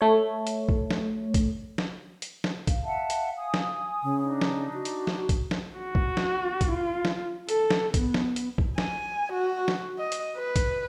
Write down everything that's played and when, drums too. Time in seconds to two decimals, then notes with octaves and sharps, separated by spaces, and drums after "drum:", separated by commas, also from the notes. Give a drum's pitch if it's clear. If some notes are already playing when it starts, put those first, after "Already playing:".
0.01 A3 C#5
0.47 drum: hi-hat
0.69 drum: kick A#1
0.91 drum: snare
1.34 drum: kick A#1, hi-hat
1.78 drum: snare
2.22 drum: hi-hat
2.44 drum: snare
2.67 F5, drum: kick A#1, hi-hat
2.85 E5 F#5 A5
3.10 drum: hi-hat
3.37 G#5 D#6
3.54 drum: snare
4.03 C#3
4.22 D4 D#4
4.41 drum: snare
4.74 F#4
4.85 drum: hi-hat
5.07 drum: snare
5.29 drum: kick A#1, hi-hat
5.51 drum: snare
5.77 F#4
5.95 drum: kick A#1
6.17 drum: snare
6.61 drum: kick A#1, hi-hat
6.72 F4
7.05 drum: snare
7.49 A4, drum: hi-hat
7.71 drum: snare
7.94 B3, drum: kick A#1, hi-hat
8.14 drum: snare
8.36 drum: hi-hat
8.58 drum: kick A#1
8.78 G#5, drum: snare
9.33 F#4
9.68 drum: snare
9.98 D#5
10.12 drum: hi-hat
10.37 B4
10.56 drum: kick A#1, hi-hat